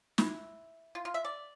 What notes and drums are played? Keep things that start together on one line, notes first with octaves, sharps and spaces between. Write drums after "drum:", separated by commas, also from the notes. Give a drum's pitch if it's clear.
E4, drum: snare
F4
F4
E5
D5